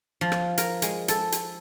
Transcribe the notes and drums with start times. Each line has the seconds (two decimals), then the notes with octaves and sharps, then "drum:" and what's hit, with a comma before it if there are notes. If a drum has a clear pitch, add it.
0.21 F3
0.32 drum: rim click
0.58 A#4, drum: hi-hat
0.82 G#3, drum: hi-hat
1.08 A4, drum: hi-hat
1.32 drum: hi-hat